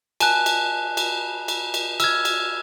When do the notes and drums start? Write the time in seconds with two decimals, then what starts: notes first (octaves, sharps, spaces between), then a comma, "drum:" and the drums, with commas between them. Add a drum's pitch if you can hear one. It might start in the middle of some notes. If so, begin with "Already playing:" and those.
0.20 G#5 A5 F#6, drum: cymbal
0.46 drum: cymbal
0.97 drum: cymbal
1.48 drum: cymbal
1.74 drum: cymbal
2.00 E6 F6 G#6, drum: cymbal
2.25 drum: cymbal